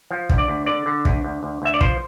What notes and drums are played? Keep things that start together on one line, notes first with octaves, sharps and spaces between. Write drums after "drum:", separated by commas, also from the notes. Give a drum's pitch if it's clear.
F3
D2, drum: kick
D5
D2
D3 D5
D3
D2, drum: kick
D2
D2
D2 E5
D5
F3 C5, drum: kick